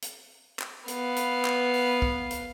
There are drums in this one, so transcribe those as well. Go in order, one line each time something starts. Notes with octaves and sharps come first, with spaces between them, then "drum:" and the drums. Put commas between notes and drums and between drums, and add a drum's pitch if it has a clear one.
drum: hi-hat
drum: clap
B3 F5, drum: hi-hat
drum: hi-hat
drum: clap
drum: open hi-hat
drum: kick
drum: hi-hat